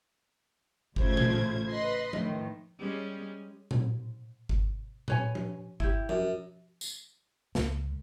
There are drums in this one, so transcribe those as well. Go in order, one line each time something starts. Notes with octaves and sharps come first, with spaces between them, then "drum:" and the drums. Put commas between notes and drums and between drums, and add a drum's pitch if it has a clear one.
A1 C#3 A3 F4 C5 G#6, drum: kick G1
drum: tom A#2
B4 D#5 C6
A2 D#3, drum: tom F3
G3 G#3 C#4
drum: tom A#2
drum: kick G1
B4 C#5 G#5, drum: tom A#2
drum: tom F3
E4 G4, drum: kick G1
F#2, drum: tom F3
drum: tambourine
C#2, drum: snare